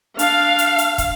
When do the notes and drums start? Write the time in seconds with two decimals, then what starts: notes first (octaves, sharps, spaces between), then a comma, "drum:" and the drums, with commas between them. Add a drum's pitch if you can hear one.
0.19 D4 F5, drum: hi-hat
0.59 drum: hi-hat
0.78 drum: hi-hat
0.98 drum: kick, hi-hat